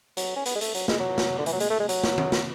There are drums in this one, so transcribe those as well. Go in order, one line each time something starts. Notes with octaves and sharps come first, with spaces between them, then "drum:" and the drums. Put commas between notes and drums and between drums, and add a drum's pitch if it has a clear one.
F#3, drum: hi-hat
C#4
B3, drum: hi-hat
G#3
A3, drum: hi-hat
F#3, drum: hi-hat
G#3, drum: snare
F#3
drum: snare
D3
E3, drum: hi-hat
F#3
G#3, drum: hi-hat
A3
G#3
F#3, drum: hi-hat
drum: snare
drum: tom D#3
drum: snare